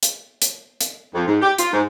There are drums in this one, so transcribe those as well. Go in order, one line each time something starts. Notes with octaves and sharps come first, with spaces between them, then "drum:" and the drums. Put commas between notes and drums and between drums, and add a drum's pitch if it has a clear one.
drum: hi-hat
drum: hi-hat
drum: hi-hat
F2
G#2
G4
F4, drum: hi-hat
G#2